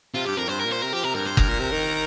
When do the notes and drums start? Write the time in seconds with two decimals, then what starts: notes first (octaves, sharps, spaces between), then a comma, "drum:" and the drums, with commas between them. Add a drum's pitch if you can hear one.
0.15 C3 F4
0.26 G2 G4
0.37 F2 A#4
0.48 G2 C5
0.59 A#4
0.65 A#2
0.71 C5
0.82 C3 A#4
0.93 F3 G4
1.04 C3 A#4
1.15 G2 A#4
1.27 C5
1.37 A#4, drum: kick F#1
1.49 A#2
1.60 C3
1.71 D#3